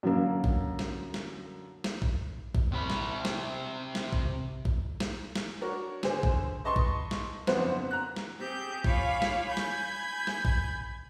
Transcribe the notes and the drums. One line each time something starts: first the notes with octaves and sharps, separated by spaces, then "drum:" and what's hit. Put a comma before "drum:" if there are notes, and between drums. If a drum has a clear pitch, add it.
F#2 D3 A#3
drum: kick A#1
drum: snare
drum: snare
drum: snare
drum: kick A#1
drum: kick A#1
C3 B5
drum: snare
drum: snare
drum: snare
drum: kick A#1
drum: kick A#1
drum: snare
drum: snare
D4 F#4 A#4 C#5
D3 G#4 C5, drum: snare
drum: kick A#1
B4 D#5 A5 C6 C#6
drum: kick A#1
drum: snare
F#1 F2 B3 D4 C5 F#5, drum: snare
A#5 F#6
drum: snare
C4 G4 G#4 G6
F4 C#5 F5 G#5 B5 D6, drum: kick A#1
drum: snare
G#5 B5 G6 G#6
drum: snare
drum: snare
drum: kick A#1